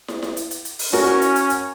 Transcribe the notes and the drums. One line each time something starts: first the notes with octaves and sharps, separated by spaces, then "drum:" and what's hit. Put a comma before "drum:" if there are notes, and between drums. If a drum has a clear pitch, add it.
drum: snare
drum: snare
drum: hi-hat
drum: hi-hat
drum: hi-hat
drum: open hi-hat
C#4 F#4 A#4, drum: snare
drum: snare
drum: hi-hat
drum: hi-hat
drum: hi-hat